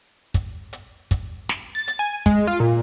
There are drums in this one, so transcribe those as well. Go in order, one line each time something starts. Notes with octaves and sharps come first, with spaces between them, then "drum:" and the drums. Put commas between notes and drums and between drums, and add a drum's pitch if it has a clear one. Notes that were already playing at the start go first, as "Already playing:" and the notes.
drum: kick, hi-hat
drum: hi-hat
drum: kick, hi-hat
drum: snare
A6
drum: hi-hat
G#5
G#3, drum: kick, hi-hat
F4
A#2